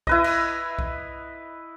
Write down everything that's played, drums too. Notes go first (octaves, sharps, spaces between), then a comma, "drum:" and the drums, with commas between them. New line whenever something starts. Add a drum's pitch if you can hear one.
E4 B4 D#5, drum: kick B1
drum: cymbal
drum: kick B1